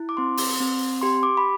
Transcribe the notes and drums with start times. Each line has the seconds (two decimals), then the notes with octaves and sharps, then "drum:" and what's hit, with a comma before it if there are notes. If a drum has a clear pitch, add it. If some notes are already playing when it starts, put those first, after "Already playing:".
Already playing: E4
0.09 D6
0.17 C4 C6
0.37 drum: open hi-hat
0.60 C4
1.02 G4 C6
1.23 D6
1.37 B5